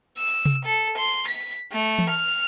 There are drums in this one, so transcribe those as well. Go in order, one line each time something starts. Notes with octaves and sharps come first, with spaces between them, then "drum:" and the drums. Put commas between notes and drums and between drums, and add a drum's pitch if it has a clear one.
E6
drum: tom C3
A4
C6
B6
A3
drum: tom E3
F6